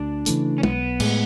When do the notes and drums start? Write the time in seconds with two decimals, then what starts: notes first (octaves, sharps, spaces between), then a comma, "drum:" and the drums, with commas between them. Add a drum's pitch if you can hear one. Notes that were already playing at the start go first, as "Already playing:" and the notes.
Already playing: D2 D4
0.26 C#3 E3 A3, drum: hi-hat
0.58 C#4
0.63 B1 B3, drum: tom
1.00 A2 G#3, drum: cymbal